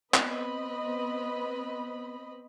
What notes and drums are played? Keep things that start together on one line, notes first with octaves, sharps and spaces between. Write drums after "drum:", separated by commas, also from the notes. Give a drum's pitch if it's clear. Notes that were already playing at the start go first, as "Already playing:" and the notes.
B3 C4 D#5 B5, drum: clap